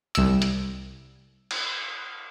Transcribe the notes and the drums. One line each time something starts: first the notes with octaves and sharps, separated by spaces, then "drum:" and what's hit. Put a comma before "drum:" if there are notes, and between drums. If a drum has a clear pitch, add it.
C2 E6, drum: hi-hat
drum: hi-hat
drum: cymbal